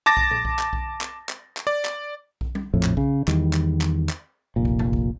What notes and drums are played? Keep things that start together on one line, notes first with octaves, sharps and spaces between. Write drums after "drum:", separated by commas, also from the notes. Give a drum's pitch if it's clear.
A5 D6 A6 A#6
drum: kick B1
drum: tom A#2
drum: kick B1
drum: clap
drum: kick B1
drum: clap
drum: clap
drum: clap
D5
drum: clap
drum: kick B1
drum: tom G3
A#1 F2 A2
drum: clap
C#3, drum: kick B1
E2 D#3 G3, drum: clap
drum: clap
drum: clap
drum: clap
F1 A#2
drum: kick B1
drum: tom G2
drum: kick B1